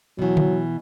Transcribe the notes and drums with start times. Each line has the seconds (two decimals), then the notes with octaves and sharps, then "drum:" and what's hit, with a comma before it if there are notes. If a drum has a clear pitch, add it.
0.19 B2 E3 F#3
0.37 drum: tom D3